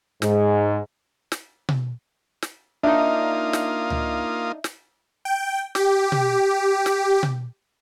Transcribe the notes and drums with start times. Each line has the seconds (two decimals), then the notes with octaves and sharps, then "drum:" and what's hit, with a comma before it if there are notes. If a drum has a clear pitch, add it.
0.22 G#2, drum: snare
1.32 drum: snare
1.69 drum: tom B2
2.42 drum: snare
2.83 A#3 D4 D#4 F4 E5 D#6
3.53 drum: snare
3.90 drum: tom C#2
4.64 drum: snare
5.25 G5
5.75 G4, drum: snare
6.12 drum: tom B2
6.86 drum: snare
7.23 drum: tom B2